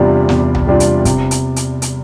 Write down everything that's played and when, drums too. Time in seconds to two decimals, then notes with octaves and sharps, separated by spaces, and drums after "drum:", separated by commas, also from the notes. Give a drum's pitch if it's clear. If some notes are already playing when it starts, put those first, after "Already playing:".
Already playing: E2 C3 G3 D4 F4
0.29 E2, drum: snare
0.55 drum: tom C2
0.67 C3 G3 D4 F4
0.80 drum: hi-hat
1.05 C3, drum: kick, hi-hat
1.31 drum: hi-hat
1.56 drum: hi-hat
1.82 drum: hi-hat